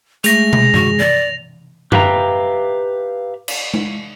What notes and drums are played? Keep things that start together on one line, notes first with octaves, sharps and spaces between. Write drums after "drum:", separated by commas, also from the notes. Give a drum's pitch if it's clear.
G#3 A3 A#6 F7, drum: hi-hat
drum: tom
F#4, drum: tom G2
D5
G4 B4 E5 F5 G5 A#5, drum: tom F#2
drum: cymbal
drum: tom G#3